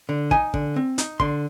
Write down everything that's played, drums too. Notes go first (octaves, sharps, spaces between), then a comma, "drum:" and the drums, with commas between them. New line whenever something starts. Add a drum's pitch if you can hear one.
D3
D#4 G#5, drum: kick
D3, drum: kick
C4
D#4, drum: hi-hat
D3 C6, drum: kick